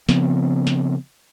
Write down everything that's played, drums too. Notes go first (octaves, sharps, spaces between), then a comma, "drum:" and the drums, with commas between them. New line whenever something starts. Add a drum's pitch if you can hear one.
C#3 F3 B3 C4, drum: snare
drum: snare